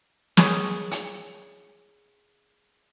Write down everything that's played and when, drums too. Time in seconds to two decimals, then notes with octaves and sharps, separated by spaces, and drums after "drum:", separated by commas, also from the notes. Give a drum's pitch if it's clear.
0.37 G#4 C#5, drum: snare
0.91 drum: hi-hat